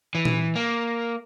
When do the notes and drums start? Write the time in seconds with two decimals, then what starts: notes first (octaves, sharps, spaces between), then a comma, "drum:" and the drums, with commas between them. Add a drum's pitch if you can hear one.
0.15 E3
0.25 drum: tom A#2
0.56 A#3